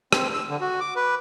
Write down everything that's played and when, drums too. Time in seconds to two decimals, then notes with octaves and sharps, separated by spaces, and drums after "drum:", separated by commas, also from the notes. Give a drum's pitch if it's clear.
0.13 C4, drum: rim click
0.33 E6
0.49 D3
0.61 F#4
0.80 D6
0.96 B4